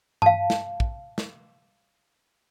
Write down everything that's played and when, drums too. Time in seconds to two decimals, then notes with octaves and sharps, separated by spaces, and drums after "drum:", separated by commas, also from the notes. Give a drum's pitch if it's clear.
0.22 F5 A5, drum: tom G2
0.50 drum: snare
0.80 drum: kick
1.18 drum: snare